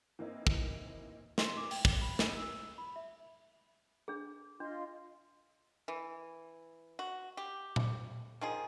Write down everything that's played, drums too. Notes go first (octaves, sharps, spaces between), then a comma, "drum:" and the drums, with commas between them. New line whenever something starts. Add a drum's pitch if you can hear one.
E3 A#3 C4 D#4 E4
drum: kick
C6, drum: snare
D6
G5, drum: open hi-hat
G7, drum: kick
B5
drum: snare
E6
B5
E5
D4 G#4
D4 F4 D#5 C6
E3
F#4
G4
drum: tom A#2
D#3 F3 G#4